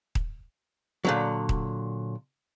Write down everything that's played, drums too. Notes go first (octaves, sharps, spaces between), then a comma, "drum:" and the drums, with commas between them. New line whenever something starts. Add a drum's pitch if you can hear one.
drum: kick D#1
A#2 D3 F#3
drum: kick D#1